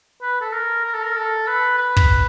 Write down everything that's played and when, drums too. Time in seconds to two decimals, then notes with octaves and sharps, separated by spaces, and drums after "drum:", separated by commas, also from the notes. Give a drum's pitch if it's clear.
0.22 B4
0.41 A4
0.53 A#4
0.85 A#4
0.95 A4
1.03 A#4
1.17 A4
1.48 B4
1.79 B4
1.97 drum: kick